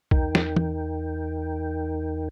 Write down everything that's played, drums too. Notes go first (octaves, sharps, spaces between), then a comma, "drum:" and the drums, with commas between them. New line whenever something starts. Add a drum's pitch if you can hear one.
E2 D#4 A#4 G5, drum: kick B1
drum: snare
drum: tom